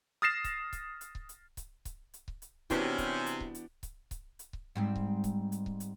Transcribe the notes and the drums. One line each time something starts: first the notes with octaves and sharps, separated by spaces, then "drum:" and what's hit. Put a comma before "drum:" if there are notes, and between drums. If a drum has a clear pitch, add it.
D#6 F6 A6 A#6 C7 E7
drum: kick C#1, hi-hat
drum: kick C#1, hi-hat
drum: hi-hat
drum: kick C#1
drum: hi-hat
drum: kick C#1, hi-hat
drum: kick C#1, hi-hat
drum: hi-hat
drum: kick C#1
drum: hi-hat
C3 E3 B3 C#4 D4 F#4 G4 B4, drum: kick C#1, hi-hat
drum: kick C#1, hi-hat
drum: hi-hat
drum: kick C#1
drum: hi-hat
drum: kick C#1, hi-hat
drum: kick C#1, hi-hat
drum: hi-hat
drum: kick C#1
G#2 G3 C4
drum: kick C#1
drum: kick C#1, hi-hat
drum: hi-hat
drum: kick C#1
drum: hi-hat